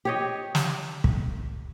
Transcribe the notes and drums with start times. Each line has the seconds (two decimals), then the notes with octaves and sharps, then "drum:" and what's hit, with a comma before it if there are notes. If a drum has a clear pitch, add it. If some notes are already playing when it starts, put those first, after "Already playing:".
0.05 G4 C#5 D#5
0.55 drum: snare
1.04 drum: kick